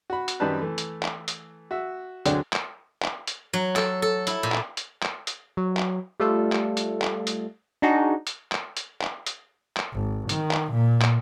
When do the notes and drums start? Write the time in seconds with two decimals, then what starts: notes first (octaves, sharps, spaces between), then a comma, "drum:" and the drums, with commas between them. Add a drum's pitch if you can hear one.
0.10 F#4 B5
0.28 drum: hi-hat
0.40 F#2 D#3 G3 B4 A5 F#6
0.61 E3 A3
0.78 drum: hi-hat
1.03 drum: clap
1.28 drum: hi-hat
1.71 F#4 E5
2.26 D2 D3 F#3 D4 G#4 G5, drum: hi-hat
2.53 drum: clap
3.02 drum: clap
3.27 drum: hi-hat
3.53 F#3
3.76 A4, drum: clap
4.02 A4
4.27 E4, drum: hi-hat
4.43 A#2
4.52 drum: clap
4.77 drum: hi-hat
5.02 drum: clap
5.27 drum: hi-hat
5.57 F#3
5.77 drum: clap
6.20 G3 A3 F4 A4
6.52 drum: clap
6.77 drum: hi-hat
7.02 drum: clap
7.27 drum: hi-hat
7.82 D4 D#4 F#4 G#4
8.27 drum: hi-hat
8.52 drum: clap
8.77 drum: hi-hat
9.02 drum: clap
9.26 drum: hi-hat
9.76 drum: clap
9.93 G#1
10.29 D#3, drum: hi-hat
10.51 drum: clap
10.72 A#2
11.01 drum: clap